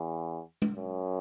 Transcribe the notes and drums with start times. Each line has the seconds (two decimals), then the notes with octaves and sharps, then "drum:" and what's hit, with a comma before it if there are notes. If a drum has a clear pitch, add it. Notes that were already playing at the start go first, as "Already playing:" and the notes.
Already playing: E2
0.62 drum: tom G#3
0.76 F#2